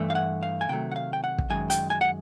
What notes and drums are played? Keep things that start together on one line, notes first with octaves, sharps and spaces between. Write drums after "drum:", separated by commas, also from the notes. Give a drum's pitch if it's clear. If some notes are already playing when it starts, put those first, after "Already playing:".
Already playing: G2 E3 A3
F5
F#5
F5
G#5
C3 D#3 F#3 A3 G5
F#5
F5
G5
F#5
drum: kick
F#2 D#3 G#3 G#5
G5, drum: hi-hat
G#5
F#5